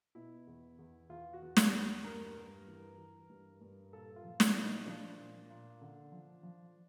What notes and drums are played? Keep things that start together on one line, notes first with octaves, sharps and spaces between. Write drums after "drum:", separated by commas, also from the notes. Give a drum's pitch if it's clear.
B2 E4
E2
E2
E2 F4
F#4
E2
G4, drum: snare
E2
G2 A#4
G2
E3
E3
G2
G2
A#2 A4
F4
F3
E4, drum: snare
A#2
D#4
F3 D4
A#2
A#2
D3
F3
F3